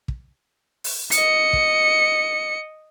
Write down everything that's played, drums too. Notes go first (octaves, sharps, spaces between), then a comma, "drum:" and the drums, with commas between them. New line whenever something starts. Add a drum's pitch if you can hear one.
drum: kick
drum: open hi-hat
D#5 C#7, drum: hi-hat
drum: kick